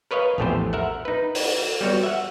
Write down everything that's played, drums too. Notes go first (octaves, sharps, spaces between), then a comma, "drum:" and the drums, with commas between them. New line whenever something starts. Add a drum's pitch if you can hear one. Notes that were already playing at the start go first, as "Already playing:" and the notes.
A#4 B4 C#5 D#5 F5
A#1 E2 A2 A3 G4 C5
A#4 E5 F#5
D#4 B4
drum: open hi-hat
G3 B3 F#4 C#5
E5 F#5